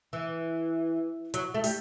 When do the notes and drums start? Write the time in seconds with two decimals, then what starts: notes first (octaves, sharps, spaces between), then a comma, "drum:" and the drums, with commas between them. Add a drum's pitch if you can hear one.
0.13 E3
1.34 F#3, drum: hi-hat
1.54 A3
1.64 G3, drum: open hi-hat